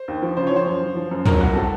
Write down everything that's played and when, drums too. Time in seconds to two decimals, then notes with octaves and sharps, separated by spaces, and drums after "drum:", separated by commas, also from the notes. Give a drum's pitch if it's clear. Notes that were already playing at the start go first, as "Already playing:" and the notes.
Already playing: C5
0.08 D#2
0.22 F3
0.37 C#3 C5
0.47 C#5
0.51 F3 C5
0.66 F#2
0.81 F3
0.97 F3
1.11 F#2
1.26 F#3 A#4, drum: tom
1.41 C2 F#4
1.53 C3 A4